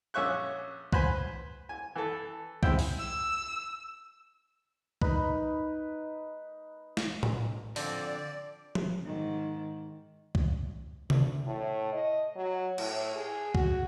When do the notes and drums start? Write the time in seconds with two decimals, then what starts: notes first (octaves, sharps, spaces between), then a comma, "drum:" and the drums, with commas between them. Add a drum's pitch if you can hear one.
0.14 A#1 C#4 E5 C#6 F#6
0.93 B4 C5 G#5 B5, drum: kick
1.69 G#5
1.96 E3 A4
2.63 G#3 C4 E4 G5, drum: kick
2.79 drum: open hi-hat
2.99 E6
5.02 D#4 B4, drum: kick
6.97 drum: snare
7.23 drum: tom A2
7.76 D3 F3 C4 D5, drum: open hi-hat
8.75 drum: tom F3
9.05 G#2 D#3
10.35 drum: kick
11.10 D2, drum: tom C3
11.47 A2
11.93 D#5
12.36 F#3
12.78 A2, drum: cymbal
13.16 G#4
13.55 F#4, drum: kick